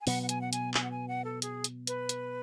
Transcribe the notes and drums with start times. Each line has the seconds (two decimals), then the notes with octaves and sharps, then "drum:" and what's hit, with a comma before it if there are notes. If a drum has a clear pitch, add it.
0.01 G#5
0.07 B2 F#3 B3 F#5, drum: open hi-hat
0.23 F#5
0.29 G#5, drum: hi-hat
0.41 F#5
0.53 G#5, drum: hi-hat
0.74 G#5, drum: clap
0.83 F#5
0.91 G#5
1.08 F#5
1.25 A4
1.42 G#4, drum: hi-hat
1.64 drum: hi-hat
1.87 B4, drum: hi-hat
2.09 drum: hi-hat